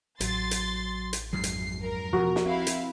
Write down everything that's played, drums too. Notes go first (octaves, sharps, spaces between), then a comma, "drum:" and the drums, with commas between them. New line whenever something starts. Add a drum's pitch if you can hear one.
A1 F#3 C6 A6, drum: hi-hat
drum: hi-hat
drum: hi-hat
F2 G#2 F#3 C7
drum: hi-hat
A#4
E2 B2 F3 F#4
drum: snare
C4 E4 F5
drum: hi-hat